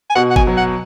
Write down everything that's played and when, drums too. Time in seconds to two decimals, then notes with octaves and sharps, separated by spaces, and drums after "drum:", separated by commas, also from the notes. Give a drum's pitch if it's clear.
0.10 G#5
0.15 B2 F#5
0.31 F#5
0.36 G#5, drum: kick G1
0.47 F#3
0.57 F#5